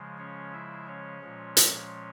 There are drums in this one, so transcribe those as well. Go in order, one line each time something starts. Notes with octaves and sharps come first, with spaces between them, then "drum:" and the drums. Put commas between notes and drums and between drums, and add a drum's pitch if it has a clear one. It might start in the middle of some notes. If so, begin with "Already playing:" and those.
Already playing: C#3 F3 G#3
C#4 C#5
E4 E5
C#4 C#5
A#2 F3 G#3
drum: hi-hat